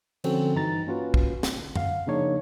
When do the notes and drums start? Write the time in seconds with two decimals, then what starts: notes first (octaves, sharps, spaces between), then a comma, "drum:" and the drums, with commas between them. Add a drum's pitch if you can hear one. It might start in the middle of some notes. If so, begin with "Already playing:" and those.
0.24 D3 F3 C4 C#4 F#4 A4, drum: cymbal
0.54 G2 E3 D#4 A#5 A6
0.87 A#3 C#4 F4 F#4 B4
1.14 drum: kick
1.43 drum: snare
1.55 G1
1.75 F5 F#5, drum: tom F#2
2.07 C#3 F3 A#3 D4 D#4 C#5